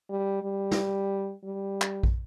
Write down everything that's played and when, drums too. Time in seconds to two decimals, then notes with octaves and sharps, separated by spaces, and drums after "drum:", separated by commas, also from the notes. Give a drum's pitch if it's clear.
0.10 G3
0.43 G3
0.71 drum: snare
1.44 G3
1.82 drum: clap
2.03 drum: kick